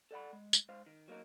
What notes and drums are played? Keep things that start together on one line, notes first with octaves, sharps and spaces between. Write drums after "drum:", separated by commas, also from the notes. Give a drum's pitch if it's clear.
A4 D5 F#5 B5
G#3
drum: tambourine
G#2 C5 F5
D#3
F#3 A#3 D#4 A#4